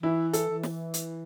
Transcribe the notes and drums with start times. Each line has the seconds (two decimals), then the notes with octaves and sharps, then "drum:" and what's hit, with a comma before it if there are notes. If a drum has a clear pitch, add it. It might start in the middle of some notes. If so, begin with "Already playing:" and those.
0.03 E3 E4
0.33 A4, drum: hi-hat
0.48 E3
0.63 drum: snare
0.94 drum: hi-hat